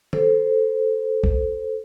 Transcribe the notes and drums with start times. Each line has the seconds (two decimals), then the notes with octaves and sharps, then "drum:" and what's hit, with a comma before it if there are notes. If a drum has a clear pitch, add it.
0.13 A4 C5, drum: tom D#3
1.24 drum: kick C2